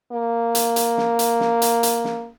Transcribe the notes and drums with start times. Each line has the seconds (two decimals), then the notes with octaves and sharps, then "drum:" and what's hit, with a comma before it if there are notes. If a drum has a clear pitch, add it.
0.12 A#3
0.55 drum: hi-hat
0.76 drum: hi-hat
0.97 drum: snare
1.19 drum: hi-hat
1.40 drum: snare
1.62 drum: hi-hat
1.83 drum: hi-hat
2.04 drum: snare